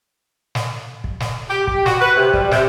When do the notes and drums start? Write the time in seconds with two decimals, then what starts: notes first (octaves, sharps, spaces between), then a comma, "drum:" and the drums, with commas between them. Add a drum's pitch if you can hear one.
0.55 drum: snare
1.04 drum: kick
1.20 drum: snare
1.49 G4
1.67 G4, drum: kick
1.86 F#4, drum: snare
2.00 B4
2.16 C3
2.34 G3, drum: kick
2.51 C3, drum: snare